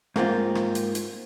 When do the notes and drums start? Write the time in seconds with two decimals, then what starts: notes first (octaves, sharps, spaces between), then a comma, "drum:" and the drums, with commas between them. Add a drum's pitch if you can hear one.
0.16 G#2 A#3 C4 F4, drum: rim click
0.55 drum: rim click
0.75 drum: hi-hat
0.95 drum: hi-hat